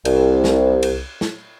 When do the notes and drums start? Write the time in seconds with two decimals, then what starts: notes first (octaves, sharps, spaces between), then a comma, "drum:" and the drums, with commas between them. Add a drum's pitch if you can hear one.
0.05 C2, drum: cymbal
0.44 drum: snare
0.83 drum: cymbal
1.21 drum: snare